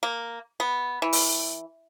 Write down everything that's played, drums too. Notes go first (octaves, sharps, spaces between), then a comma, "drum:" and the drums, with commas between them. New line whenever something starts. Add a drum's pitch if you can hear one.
A#3
B3
E3
drum: open hi-hat